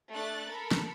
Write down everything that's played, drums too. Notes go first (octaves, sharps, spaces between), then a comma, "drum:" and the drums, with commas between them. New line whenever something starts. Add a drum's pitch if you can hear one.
A3 D4 F#6 A6
A4 A#4 B5
drum: snare